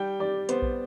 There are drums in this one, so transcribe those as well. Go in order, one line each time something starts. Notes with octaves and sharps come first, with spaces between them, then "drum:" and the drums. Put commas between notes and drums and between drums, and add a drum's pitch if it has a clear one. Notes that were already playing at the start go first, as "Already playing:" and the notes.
Already playing: G3 G5
G3 D5
B3 C5, drum: hi-hat
drum: kick A#1